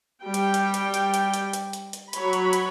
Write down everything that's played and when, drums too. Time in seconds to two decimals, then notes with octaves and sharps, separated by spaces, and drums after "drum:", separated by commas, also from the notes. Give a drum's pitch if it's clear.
0.22 G3 G5
0.34 drum: hi-hat
0.54 drum: hi-hat
0.74 drum: hi-hat
0.94 drum: hi-hat
1.14 drum: hi-hat
1.34 drum: hi-hat
1.53 drum: hi-hat
1.73 drum: hi-hat
1.93 drum: hi-hat
2.13 F#3 C#5 B5, drum: hi-hat
2.33 drum: hi-hat
2.53 drum: hi-hat